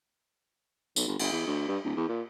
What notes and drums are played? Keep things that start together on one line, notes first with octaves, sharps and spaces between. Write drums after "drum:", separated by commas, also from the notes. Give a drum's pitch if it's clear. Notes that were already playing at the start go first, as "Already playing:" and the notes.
B1, drum: tambourine
G1
G1, drum: cymbal
E2
D2
G2
D1
E2
A#2